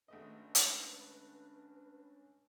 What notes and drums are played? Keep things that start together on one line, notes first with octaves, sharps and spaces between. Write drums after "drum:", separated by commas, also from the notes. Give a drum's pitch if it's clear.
G#1 A3 C#4 D4 B4 D#5
drum: hi-hat